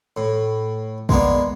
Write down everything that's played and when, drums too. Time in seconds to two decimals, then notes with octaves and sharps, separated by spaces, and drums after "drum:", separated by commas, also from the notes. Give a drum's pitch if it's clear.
0.17 A2
1.09 G#3 A#3 B3 D4, drum: kick